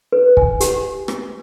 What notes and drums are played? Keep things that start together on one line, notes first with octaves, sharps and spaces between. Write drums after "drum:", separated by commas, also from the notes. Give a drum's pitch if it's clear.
B4
G#5, drum: kick
G4, drum: hi-hat
drum: rim click